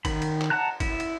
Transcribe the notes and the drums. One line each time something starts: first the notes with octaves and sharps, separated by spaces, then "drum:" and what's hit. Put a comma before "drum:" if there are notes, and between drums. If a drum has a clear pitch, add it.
D#3 B5, drum: kick, cymbal
drum: cymbal
drum: clap
F#5 A5 A#5 F#6
E4, drum: kick, cymbal
drum: cymbal